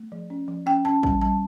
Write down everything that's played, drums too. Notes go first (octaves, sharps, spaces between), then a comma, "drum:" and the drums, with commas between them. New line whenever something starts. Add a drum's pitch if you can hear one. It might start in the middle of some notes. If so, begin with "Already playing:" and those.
Already playing: A3
F3
C#4
F3
C#4 G5
C#4 A5
G3 A5, drum: kick
G3 A5